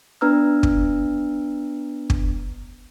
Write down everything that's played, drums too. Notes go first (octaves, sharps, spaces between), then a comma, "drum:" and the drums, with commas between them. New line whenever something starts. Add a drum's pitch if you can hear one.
B3 D4 B4 A#5 E6 F6
drum: kick
drum: kick